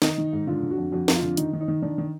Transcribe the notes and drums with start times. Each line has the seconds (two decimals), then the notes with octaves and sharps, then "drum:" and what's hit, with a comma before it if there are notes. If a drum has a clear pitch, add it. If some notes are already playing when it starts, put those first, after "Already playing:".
0.02 D#3 D#4, drum: snare
0.18 D#3
0.33 G#2
0.47 D3 F4
0.63 D3
0.71 F#4
0.77 F2
0.92 F2 F#4
1.08 F2, drum: snare
1.16 F4
1.22 D3
1.37 D#3 D#4, drum: hi-hat
1.53 D#3
1.60 D#4
1.68 D#3
1.82 D#3 D4
1.98 D#3